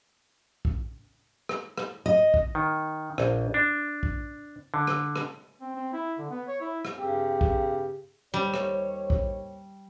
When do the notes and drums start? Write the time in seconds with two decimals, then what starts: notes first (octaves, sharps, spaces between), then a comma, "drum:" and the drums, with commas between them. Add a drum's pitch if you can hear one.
0.65 drum: kick
1.49 drum: rim click
1.78 drum: rim click
2.06 D#5
2.34 drum: kick
2.55 D#3
3.18 A#1, drum: rim click
3.54 D4
4.03 drum: kick
4.74 D3
4.87 drum: rim click
5.16 drum: rim click
5.61 C4
5.76 C4
5.93 E4
6.18 D3
6.30 B3
6.48 C#5
6.61 E4
6.85 drum: rim click
6.97 G2 C#3 C4 G4
7.41 drum: kick
8.34 D#2 G3 C5 C#5
8.54 drum: rim click
9.10 drum: kick